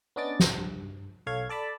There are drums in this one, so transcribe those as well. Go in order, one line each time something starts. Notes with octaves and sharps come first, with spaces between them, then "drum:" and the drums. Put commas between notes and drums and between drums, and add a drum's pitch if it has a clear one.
B3 C#4 D4 D#5 D6 A6
drum: snare
G2
B1 A4 C#5 F5 G#6
A4 D5 A5 B5